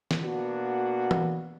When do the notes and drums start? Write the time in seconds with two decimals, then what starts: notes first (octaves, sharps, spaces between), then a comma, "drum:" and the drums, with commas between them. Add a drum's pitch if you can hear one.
0.11 drum: snare
0.23 B2 A#3 B3 D4 F#4
1.11 drum: tom E3